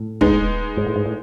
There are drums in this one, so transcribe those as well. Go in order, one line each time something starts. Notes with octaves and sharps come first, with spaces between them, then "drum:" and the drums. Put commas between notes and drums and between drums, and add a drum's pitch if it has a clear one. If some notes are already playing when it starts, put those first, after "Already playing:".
Already playing: A2
G#3 B3 D#4, drum: kick
G#2
A2
G#2
A2